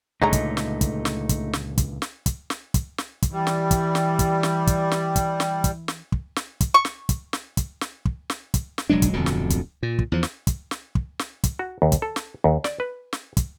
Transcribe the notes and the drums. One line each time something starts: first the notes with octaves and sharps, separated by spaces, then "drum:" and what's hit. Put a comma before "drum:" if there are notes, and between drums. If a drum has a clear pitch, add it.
C#2 A#2 D3 G#3 A3 D#4 C#5 A#5
drum: kick, hi-hat
drum: snare
drum: kick, hi-hat
drum: snare
drum: kick, hi-hat
drum: snare
drum: kick, hi-hat
drum: snare
drum: kick, hi-hat
drum: snare
drum: kick, hi-hat
drum: snare
drum: kick, hi-hat
E3 G3
drum: snare
drum: kick, hi-hat
drum: snare
drum: kick, hi-hat
drum: snare
drum: kick, hi-hat
drum: snare
drum: kick, hi-hat
drum: snare
drum: kick, hi-hat
drum: snare
drum: kick
drum: snare
drum: kick, hi-hat
C#6
drum: snare
drum: kick, hi-hat
drum: snare
drum: kick, hi-hat
drum: snare
drum: kick
drum: snare
drum: kick, hi-hat
drum: snare
E1 F#3 G#3 D4
drum: kick, hi-hat
D1 F2 B2 D3
drum: snare
drum: kick, hi-hat
A#2
drum: kick
E2 F3
drum: snare
drum: kick, hi-hat
drum: snare
drum: kick
drum: snare
drum: kick, hi-hat
F#4
D#2
drum: kick, hi-hat
A4
drum: snare
D#2
D5, drum: snare
B4
drum: snare
drum: kick, hi-hat